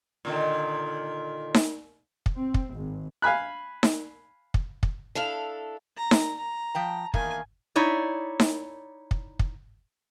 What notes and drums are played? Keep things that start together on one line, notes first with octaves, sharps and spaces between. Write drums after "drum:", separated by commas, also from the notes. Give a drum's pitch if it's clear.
A#2 D3 D#3
drum: snare D#4
drum: kick
C4
drum: kick
G#1
F5 G#5 B5 F#6
drum: snare D#4
drum: kick
drum: kick
D4 E4 A4 F5
A#5
drum: snare D#4
A#5
F3 G5 A5
E2 D#3 A#3 G#5, drum: kick
D#4 E4 C#5 D5
drum: snare D#4
drum: kick
drum: kick